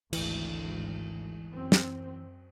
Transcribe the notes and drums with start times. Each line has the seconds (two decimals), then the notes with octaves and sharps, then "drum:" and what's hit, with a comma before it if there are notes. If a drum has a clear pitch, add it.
0.13 G#1 D2 E3, drum: cymbal
1.51 F#2 C4
1.72 drum: snare